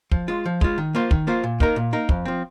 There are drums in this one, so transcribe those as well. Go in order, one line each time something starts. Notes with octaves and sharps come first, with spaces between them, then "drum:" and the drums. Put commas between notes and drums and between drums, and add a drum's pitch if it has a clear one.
F3, drum: kick
G#3 F4
F3
G#3 F4, drum: kick
D#3
A#3 F4 C5
D#3, drum: kick
A#3 F4 C5
A#2
A#3 D#4 A#4, drum: kick
A#2
A#3 D#4 A#4
F2, drum: kick
F3 C4